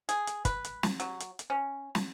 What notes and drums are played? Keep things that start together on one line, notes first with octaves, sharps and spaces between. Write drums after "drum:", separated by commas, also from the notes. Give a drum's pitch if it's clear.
G#4, drum: hi-hat
drum: hi-hat
B4, drum: kick, hi-hat
drum: hi-hat
drum: snare
F#3, drum: hi-hat
drum: hi-hat
drum: hi-hat
C#4
drum: snare